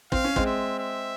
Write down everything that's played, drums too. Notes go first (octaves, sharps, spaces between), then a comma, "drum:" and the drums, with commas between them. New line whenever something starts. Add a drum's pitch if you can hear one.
C4 F5, drum: kick
C#4
G#3 C4, drum: kick
E5
E5